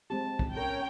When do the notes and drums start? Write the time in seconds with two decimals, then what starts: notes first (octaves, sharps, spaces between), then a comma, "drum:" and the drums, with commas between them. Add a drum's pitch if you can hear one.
0.10 G#3 C4 G4 A5
0.39 drum: kick
0.57 C#4 A4 A#4 C#5 G5